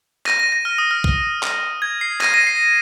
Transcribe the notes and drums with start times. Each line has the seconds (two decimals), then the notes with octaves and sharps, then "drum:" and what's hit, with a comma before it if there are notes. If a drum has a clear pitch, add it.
0.26 A#6 D#7, drum: clap
0.39 A#6 D#7
0.52 A#6
0.65 F6
0.78 D#6
0.91 F6
1.04 drum: kick
1.43 drum: clap
1.82 G#6
2.01 C7
2.21 A#6 D#7, drum: clap
2.34 A#6 D#7
2.47 C7